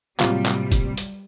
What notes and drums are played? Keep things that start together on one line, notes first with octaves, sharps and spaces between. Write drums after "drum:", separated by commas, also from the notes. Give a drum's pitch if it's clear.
A2 C3 F#3 G3 A#3 F4, drum: clap
drum: clap
drum: kick, hi-hat
drum: hi-hat